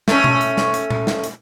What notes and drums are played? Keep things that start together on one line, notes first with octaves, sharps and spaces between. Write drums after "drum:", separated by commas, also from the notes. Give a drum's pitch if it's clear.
A3 C#4, drum: snare
drum: tom B2
drum: hi-hat
drum: snare
drum: hi-hat
drum: tom A#2
drum: snare
drum: hi-hat